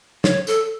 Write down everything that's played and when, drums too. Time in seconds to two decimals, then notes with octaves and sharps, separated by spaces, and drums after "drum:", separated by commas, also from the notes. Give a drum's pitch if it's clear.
0.24 C#5, drum: snare
0.47 A4, drum: tambourine